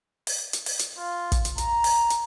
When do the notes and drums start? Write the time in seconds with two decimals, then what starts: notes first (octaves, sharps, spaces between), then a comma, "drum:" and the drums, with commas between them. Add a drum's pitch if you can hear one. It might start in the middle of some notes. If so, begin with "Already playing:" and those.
0.27 drum: open hi-hat
0.53 drum: hi-hat
0.66 drum: open hi-hat
0.79 drum: hi-hat
0.98 F4
1.32 drum: kick, hi-hat
1.45 drum: hi-hat
1.58 A#5, drum: hi-hat
1.84 drum: open hi-hat
2.10 drum: hi-hat